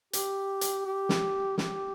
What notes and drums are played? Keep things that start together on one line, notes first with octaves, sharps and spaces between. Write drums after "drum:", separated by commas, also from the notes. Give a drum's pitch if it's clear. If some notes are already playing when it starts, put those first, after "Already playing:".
G4, drum: hi-hat
drum: hi-hat
G4
drum: snare
G4, drum: snare